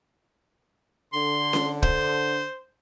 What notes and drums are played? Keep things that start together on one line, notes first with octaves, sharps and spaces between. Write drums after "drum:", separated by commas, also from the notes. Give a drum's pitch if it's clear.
D3 C6
drum: snare C#4
C5, drum: kick